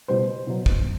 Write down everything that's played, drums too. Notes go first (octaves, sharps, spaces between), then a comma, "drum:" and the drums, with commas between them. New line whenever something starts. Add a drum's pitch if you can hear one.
B2 G3 C5
B2 F#3
drum: kick